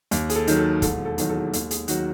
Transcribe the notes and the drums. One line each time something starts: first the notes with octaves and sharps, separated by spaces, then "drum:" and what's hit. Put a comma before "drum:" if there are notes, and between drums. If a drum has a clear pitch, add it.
D#2, drum: hi-hat
G#4, drum: hi-hat
A4
D#3 F#3, drum: hi-hat
A4
E1 A4, drum: kick, hi-hat
A4
E2 D#3 F#3, drum: hi-hat
A4
D#2 A4, drum: hi-hat
G#4, drum: hi-hat
D#3 F#3 F#4, drum: hi-hat